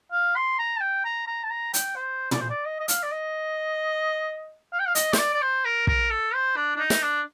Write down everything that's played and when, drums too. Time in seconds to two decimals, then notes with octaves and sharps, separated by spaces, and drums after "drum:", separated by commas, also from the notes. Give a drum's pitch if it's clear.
0.12 F5
0.36 C6
0.59 A#5
0.77 A5
0.81 G5
1.05 A#5
1.27 A#5
1.43 A5
1.50 A#5
1.74 G5, drum: hi-hat
1.96 C5
2.31 D5, drum: tom
2.40 C5
2.50 D5
2.66 D#5
2.80 D#5
2.88 F5, drum: hi-hat
3.03 D5
3.12 D#5
4.73 F5
4.80 G5
4.87 F5
4.95 D#5, drum: hi-hat
5.13 C5, drum: snare
5.18 D5
5.34 D5
5.42 C5
5.65 A#4
5.87 A#4, drum: kick
6.10 A4
6.34 C5
6.56 D4
6.76 D4
6.79 D#4
6.90 drum: snare
7.03 D4